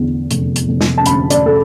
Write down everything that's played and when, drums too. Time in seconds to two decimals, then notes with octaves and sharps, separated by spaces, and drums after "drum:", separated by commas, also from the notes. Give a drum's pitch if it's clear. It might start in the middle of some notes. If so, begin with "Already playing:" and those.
Already playing: E2 D3
0.31 F1, drum: hi-hat
0.56 drum: hi-hat
0.69 F1
0.81 drum: snare
0.98 A5
1.06 D3 B5, drum: hi-hat
1.30 D5, drum: hi-hat
1.46 A4